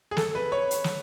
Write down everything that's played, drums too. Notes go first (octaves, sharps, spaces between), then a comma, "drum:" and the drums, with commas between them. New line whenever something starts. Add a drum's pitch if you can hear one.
G#4
A4, drum: snare
B4
C#5
drum: hi-hat
drum: snare